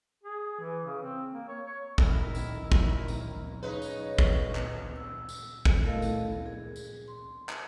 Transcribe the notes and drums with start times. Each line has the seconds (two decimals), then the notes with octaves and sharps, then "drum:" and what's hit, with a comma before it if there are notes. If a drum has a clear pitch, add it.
0.23 G#4
0.60 E3
0.84 C#3
1.03 C4
1.32 A#3
1.48 C#5
1.66 C#5
1.98 D#3 E4 A#4, drum: kick
2.35 drum: tambourine
2.72 drum: kick
3.08 drum: tambourine
3.63 C#3 D#4 B4 C#5
3.82 drum: tambourine
4.18 drum: kick
4.55 drum: clap
4.96 E6
5.29 drum: tambourine
5.65 drum: kick
5.84 A3 E4 A4 A#4 D#5 F5
6.02 drum: tambourine
6.32 A#4
6.46 G#4
6.76 drum: tambourine
7.08 C6
7.49 drum: clap